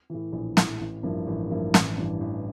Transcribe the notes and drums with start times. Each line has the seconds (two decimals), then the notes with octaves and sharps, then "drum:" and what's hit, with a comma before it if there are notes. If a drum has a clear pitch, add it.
0.10 A2 E3
0.32 A#1
0.57 A2 E3, drum: snare
0.80 A1
1.03 G2 F3 A#3 E4
1.27 A1
1.50 G2 F3 A#3 E4
1.74 A1, drum: snare
1.97 G2 E3
2.21 A1